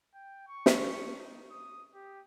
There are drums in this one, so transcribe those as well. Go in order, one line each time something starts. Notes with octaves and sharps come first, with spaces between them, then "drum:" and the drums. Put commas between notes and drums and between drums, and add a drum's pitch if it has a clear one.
G5
C#6
drum: snare
D#4
D#6
G4